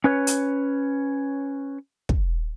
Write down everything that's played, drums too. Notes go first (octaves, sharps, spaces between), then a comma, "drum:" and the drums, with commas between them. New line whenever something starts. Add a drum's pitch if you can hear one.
C#4 B4 C#5
drum: hi-hat
drum: kick